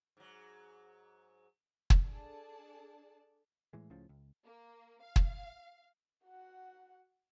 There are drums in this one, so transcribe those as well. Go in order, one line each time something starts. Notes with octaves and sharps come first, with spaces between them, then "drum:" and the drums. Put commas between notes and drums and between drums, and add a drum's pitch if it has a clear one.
G#2 F#3
drum: kick
D4 G#4 A4 D5 A5
A2 E3 G#3
C#2 A2 C#3 F3
C#2
A#3
F5
drum: kick
F#4 F#5